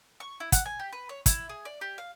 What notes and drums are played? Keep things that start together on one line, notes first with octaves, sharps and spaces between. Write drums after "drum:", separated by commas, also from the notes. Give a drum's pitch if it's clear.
C#6
E4
F#5, drum: kick, hi-hat
G#5
G4
B4
C#5
E4, drum: kick, hi-hat
G#4
D5
G4
F5